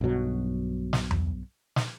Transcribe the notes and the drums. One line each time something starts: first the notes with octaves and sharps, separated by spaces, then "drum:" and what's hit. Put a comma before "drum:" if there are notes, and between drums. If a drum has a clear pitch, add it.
B1 G2 B2 F#3
drum: snare
drum: tom E2
drum: snare